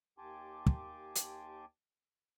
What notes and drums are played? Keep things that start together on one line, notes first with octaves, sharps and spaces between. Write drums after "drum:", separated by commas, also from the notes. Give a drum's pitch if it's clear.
D#2 G4 G#5 A5 C6 D6
drum: kick
drum: hi-hat